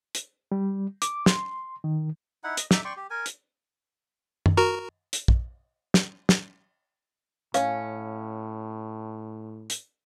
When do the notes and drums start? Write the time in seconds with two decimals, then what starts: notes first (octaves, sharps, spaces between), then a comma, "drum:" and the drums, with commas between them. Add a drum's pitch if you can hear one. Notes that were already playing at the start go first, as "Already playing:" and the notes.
0.15 drum: hi-hat
0.52 G3
1.02 D6, drum: hi-hat
1.26 C6, drum: snare
1.84 D#3
2.44 D#4 E4 F#5
2.57 D#5, drum: hi-hat
2.71 D#4 E5 D6, drum: snare
2.85 D5 G5 C6 C#6
2.96 G4
3.10 A#4 G#5
3.26 drum: hi-hat
4.46 drum: tom
4.57 F#4 A#4 A#5
5.13 drum: hi-hat
5.28 drum: kick
5.94 drum: snare
6.29 drum: snare
7.54 A2 C#4 F5, drum: hi-hat
9.70 drum: hi-hat